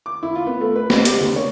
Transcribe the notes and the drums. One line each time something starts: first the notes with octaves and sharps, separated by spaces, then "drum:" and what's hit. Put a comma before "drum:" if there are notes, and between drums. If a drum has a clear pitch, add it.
D6
E4
F4
B3
A3
B4
C4, drum: snare A#3
G4, drum: hi-hat
D2
C#5